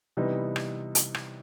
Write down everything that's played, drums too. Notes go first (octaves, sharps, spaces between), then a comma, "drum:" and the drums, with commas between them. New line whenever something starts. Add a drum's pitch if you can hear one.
C3 E3 G3 B3 D#4
drum: rim click
drum: hi-hat
drum: rim click